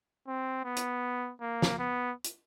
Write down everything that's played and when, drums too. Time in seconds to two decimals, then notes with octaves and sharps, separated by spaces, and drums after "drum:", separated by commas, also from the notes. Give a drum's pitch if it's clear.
0.27 C4
0.65 B3
0.76 drum: hi-hat
1.41 A#3
1.62 drum: snare
1.79 B3
2.24 drum: hi-hat